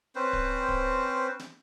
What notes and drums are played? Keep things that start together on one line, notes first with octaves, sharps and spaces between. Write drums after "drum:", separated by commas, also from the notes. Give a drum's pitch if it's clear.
C4 C#4 B4 C5
drum: kick D1
drum: kick D1
drum: snare